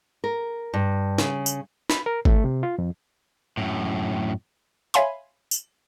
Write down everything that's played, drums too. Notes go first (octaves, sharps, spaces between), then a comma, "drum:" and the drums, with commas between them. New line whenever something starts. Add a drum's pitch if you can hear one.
A#4
G2
C#3, drum: snare
drum: tambourine
B5, drum: snare
A#4
A3, drum: kick G#1
C3
F4
F2
F#2 A2
C#5 E5 F5 G#5 B5 C6, drum: hi-hat
drum: tambourine